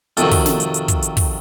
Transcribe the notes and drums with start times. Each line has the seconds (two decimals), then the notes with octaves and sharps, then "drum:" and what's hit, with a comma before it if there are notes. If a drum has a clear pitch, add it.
0.17 F2 C3 D#3 F#3 A4, drum: hi-hat
0.31 drum: kick, open hi-hat
0.46 drum: snare
0.60 drum: hi-hat
0.74 drum: hi-hat
0.88 drum: kick, hi-hat
1.02 drum: hi-hat
1.17 drum: kick, open hi-hat